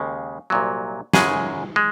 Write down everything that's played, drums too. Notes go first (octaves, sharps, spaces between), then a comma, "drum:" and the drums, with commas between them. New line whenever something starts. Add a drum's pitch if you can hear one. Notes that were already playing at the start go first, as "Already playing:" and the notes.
Already playing: D#2 C#3 G#3
C2 A#2 F#3
F#2 C#3 G#3 G#4, drum: snare
G#3